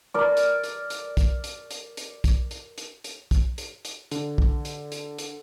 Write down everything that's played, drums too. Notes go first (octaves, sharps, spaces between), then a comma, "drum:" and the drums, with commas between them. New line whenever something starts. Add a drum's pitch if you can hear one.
A#4 D5
drum: hi-hat
drum: hi-hat
drum: hi-hat
drum: kick, hi-hat
drum: hi-hat
drum: hi-hat
drum: hi-hat
drum: kick, hi-hat
drum: hi-hat
drum: hi-hat
drum: hi-hat
drum: kick, hi-hat
drum: hi-hat
drum: hi-hat
D3, drum: hi-hat
drum: kick
drum: hi-hat
drum: hi-hat
drum: hi-hat